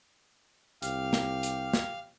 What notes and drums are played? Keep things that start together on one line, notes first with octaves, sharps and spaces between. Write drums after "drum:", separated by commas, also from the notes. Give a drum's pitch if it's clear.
C2 G4 F5 F6, drum: hi-hat
drum: snare
drum: hi-hat
drum: snare